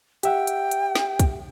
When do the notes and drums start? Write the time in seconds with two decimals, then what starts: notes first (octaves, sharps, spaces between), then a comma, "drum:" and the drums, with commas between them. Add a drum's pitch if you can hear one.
0.23 G4 E5 F#5 G5, drum: hi-hat
0.47 drum: hi-hat
0.71 drum: hi-hat
0.95 drum: snare
1.19 drum: kick, hi-hat